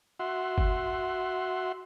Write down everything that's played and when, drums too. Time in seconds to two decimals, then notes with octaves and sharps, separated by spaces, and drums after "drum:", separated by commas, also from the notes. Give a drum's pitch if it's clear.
0.20 F#4 E5 F#5 C6
0.58 drum: kick F#1